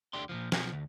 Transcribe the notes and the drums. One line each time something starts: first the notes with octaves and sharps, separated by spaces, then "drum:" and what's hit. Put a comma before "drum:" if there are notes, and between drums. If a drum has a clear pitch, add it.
D2 D3 G4 D5 C6
A#2 E3 F3
B1 F3, drum: snare
D2